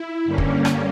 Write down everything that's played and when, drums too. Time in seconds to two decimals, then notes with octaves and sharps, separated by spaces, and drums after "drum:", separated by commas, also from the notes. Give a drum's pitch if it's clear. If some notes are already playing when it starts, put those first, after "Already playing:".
Already playing: E4
0.25 G2 D3 G3 A#3 C#4
0.38 drum: kick
0.65 drum: rim click